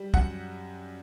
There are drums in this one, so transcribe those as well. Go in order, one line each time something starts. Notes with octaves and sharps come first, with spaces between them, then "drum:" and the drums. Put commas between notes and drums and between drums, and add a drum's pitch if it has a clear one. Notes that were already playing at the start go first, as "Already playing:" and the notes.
Already playing: G3
F#2 F#5, drum: kick